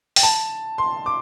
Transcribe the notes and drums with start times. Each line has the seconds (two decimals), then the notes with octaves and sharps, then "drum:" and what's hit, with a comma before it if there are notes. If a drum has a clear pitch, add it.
0.16 G5, drum: open hi-hat
0.23 A5
0.78 C6
1.06 D6